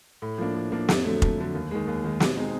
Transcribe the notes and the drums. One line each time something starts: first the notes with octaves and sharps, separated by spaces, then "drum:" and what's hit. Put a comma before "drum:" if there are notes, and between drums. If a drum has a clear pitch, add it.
A2
F3 A#3 D4
A2
F3 A#3 D4
F2, drum: snare
D3 F#3 A3
F2, drum: kick
D3 F#3 A3
D#2
D#3 G#3
D#2
D#3 G#3
B2, drum: snare
G#3 C4 D#4